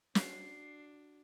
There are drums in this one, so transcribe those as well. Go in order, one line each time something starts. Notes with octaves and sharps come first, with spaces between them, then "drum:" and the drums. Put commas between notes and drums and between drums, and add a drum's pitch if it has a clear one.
D4 F#4 F#5 C7, drum: snare